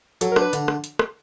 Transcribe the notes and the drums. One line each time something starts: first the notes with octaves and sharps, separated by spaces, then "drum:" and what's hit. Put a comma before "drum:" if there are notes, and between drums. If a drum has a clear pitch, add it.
F#3 A4, drum: hi-hat
A#4
D4, drum: rim click
B4
D3, drum: hi-hat
drum: rim click
drum: hi-hat
drum: rim click